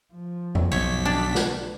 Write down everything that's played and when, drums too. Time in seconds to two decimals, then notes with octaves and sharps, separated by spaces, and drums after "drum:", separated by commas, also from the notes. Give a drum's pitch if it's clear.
0.14 F3
0.55 drum: tom F2
0.72 B1 C#5 B6
1.05 D4
1.35 drum: snare